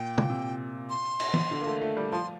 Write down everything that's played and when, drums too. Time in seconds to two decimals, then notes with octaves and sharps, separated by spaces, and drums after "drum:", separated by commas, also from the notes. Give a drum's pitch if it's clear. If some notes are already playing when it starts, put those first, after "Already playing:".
Already playing: A#2 G5
0.18 A#2, drum: tom
0.30 C3
0.90 C6
1.20 drum: cymbal
1.34 drum: tom
1.51 D3
1.61 A#3
1.66 A3
1.82 A3
1.97 G3
2.12 F3 C6